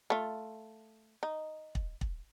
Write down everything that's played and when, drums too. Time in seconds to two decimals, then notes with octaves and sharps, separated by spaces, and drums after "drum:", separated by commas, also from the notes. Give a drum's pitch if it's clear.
0.10 A3 F4
1.23 D#4
1.75 drum: kick
2.01 drum: kick